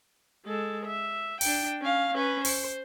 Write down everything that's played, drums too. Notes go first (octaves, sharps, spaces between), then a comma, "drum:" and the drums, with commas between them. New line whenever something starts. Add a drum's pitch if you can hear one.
G#3 A4
E5
D4 G5, drum: open hi-hat
C#4 F5
C#4 B4
C5, drum: open hi-hat